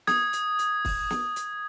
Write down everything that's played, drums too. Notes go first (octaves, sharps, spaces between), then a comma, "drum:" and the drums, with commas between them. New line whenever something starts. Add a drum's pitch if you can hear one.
D#6 G#6, drum: snare
drum: hi-hat
drum: hi-hat
drum: kick, open hi-hat
drum: snare
drum: hi-hat